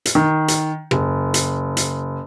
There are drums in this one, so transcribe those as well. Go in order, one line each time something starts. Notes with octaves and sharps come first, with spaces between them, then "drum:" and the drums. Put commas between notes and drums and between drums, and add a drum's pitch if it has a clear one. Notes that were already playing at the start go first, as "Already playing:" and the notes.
drum: hi-hat
D#3
drum: hi-hat
F#1, drum: rim click
drum: hi-hat
drum: hi-hat